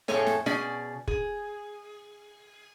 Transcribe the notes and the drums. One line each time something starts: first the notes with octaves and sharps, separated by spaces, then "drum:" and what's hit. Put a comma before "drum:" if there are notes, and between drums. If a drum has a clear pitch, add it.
F2 A2 G#4 A4 C#5 G#5, drum: snare
drum: snare
B2 C#4 G#4 D5, drum: snare
G#4, drum: kick